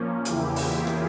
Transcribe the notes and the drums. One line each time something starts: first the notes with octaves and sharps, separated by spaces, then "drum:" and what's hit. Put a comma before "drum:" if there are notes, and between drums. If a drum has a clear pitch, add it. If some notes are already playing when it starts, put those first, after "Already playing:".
Already playing: A#2 F3 A#3 C#4
E2 C#3 E3 A#3 E4 G4, drum: hi-hat
F4 G#4, drum: open hi-hat
drum: rim click